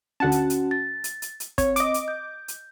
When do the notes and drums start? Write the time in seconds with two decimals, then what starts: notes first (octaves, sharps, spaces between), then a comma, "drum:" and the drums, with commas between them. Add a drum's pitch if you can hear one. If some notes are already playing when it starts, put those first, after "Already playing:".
0.20 D2 C#4 F#4 F#5 A5
0.32 drum: hi-hat
0.50 drum: hi-hat
0.71 A6
1.04 drum: hi-hat
1.22 drum: hi-hat
1.40 drum: hi-hat
1.58 C4 C#5, drum: kick, hi-hat
1.76 D#5 D6, drum: hi-hat
1.94 drum: hi-hat
2.08 G6
2.48 drum: hi-hat